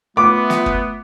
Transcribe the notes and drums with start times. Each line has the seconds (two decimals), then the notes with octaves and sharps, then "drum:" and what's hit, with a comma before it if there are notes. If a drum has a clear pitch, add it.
0.17 A3 B3 F4 D6
0.50 drum: snare
0.66 drum: kick